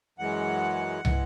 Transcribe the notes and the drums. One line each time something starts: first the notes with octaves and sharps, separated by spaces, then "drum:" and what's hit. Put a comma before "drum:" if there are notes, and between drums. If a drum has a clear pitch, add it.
F#2 E3 G#3 F#5
E3 G#3, drum: tom